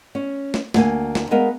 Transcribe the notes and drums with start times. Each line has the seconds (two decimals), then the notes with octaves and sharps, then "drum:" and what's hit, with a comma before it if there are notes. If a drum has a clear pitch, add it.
0.15 C#4
0.54 drum: snare
0.74 D2 A#3 G#5, drum: snare
1.15 drum: snare
1.31 G#3 B3 A#4 D#5 F5